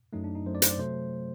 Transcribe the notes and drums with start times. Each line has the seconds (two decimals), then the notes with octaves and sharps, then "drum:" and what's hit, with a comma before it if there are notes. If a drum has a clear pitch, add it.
0.13 F#2 F#3 A3 D#4
0.24 D4
0.35 D#4
0.46 F#2 F#3 A3 C5
0.55 D5
0.62 C5, drum: hi-hat
0.70 D5
0.78 C3 F#3 A3 C5